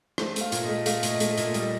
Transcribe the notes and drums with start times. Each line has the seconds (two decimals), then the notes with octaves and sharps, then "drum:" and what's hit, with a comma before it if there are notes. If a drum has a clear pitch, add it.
0.18 A3 C5, drum: rim click
0.36 A3, drum: hi-hat
0.41 F5
0.52 A#2, drum: hi-hat
0.64 A3 D#5
0.86 A3 F5, drum: hi-hat
1.03 A#2, drum: hi-hat
1.08 D#5
1.20 A3, drum: hi-hat
1.31 D#5
1.37 A#2, drum: hi-hat
1.54 G3 D#5, drum: hi-hat